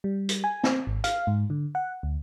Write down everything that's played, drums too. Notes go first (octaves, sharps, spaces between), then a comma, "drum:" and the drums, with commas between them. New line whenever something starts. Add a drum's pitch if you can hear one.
G3
drum: hi-hat
G#5
C4, drum: snare
G#1
F5, drum: hi-hat
G#2
D3
F#5
D2